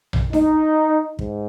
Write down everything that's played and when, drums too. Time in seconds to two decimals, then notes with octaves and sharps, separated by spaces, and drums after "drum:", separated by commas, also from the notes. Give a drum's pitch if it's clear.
0.13 drum: tom A#1
0.33 D#4, drum: snare D4
1.19 G#2, drum: kick